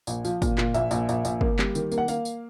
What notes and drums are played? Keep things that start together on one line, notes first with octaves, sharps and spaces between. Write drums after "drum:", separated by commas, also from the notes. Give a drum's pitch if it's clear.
A#1, drum: tambourine
F3, drum: tambourine
A#2, drum: kick, tambourine
A#2, drum: clap
A#1 E5, drum: tambourine
A#1, drum: tambourine
A#1, drum: tambourine
A#1, drum: tambourine
A#3, drum: kick
G3, drum: clap
D#3, drum: tambourine
A#3, drum: tambourine
F#5
A#3 F5, drum: tambourine
drum: tambourine